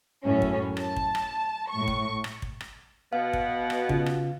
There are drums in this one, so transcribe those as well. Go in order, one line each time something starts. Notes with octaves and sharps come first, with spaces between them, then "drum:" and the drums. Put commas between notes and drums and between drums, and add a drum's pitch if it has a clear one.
F#2 A2 C#4
drum: kick
A5, drum: rim click
drum: kick
drum: rim click
A2 C#6
drum: kick
drum: rim click
drum: kick
drum: rim click
B2 B3 F5
drum: kick
drum: rim click
C#3 F4, drum: kick
drum: rim click